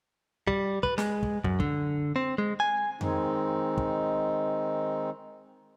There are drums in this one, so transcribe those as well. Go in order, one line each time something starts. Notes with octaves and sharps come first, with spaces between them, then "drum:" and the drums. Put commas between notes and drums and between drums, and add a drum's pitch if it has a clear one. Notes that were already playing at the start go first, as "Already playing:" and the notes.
G3, drum: kick
B4, drum: kick
G#3, drum: snare
drum: kick
F#2, drum: kick
D3, drum: kick
C4
G#3
G#5
D#3 G#3 C4 D#4, drum: tom F2
drum: kick